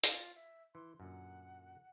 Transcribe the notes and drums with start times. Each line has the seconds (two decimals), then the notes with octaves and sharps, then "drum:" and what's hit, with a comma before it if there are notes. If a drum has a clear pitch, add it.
0.04 F4, drum: hi-hat
0.35 E5
0.75 E3 C6
1.00 F#2 A#2 D3 F#5